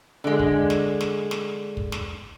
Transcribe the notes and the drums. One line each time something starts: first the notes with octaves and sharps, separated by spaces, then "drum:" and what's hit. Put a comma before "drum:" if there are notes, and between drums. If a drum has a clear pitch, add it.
D3 G#3
drum: kick
drum: snare
drum: snare
drum: snare
drum: kick
drum: snare